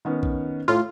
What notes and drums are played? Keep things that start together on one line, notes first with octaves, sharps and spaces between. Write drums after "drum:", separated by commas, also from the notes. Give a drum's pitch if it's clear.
D#3 B3 C#4
drum: kick A#1
A2 F4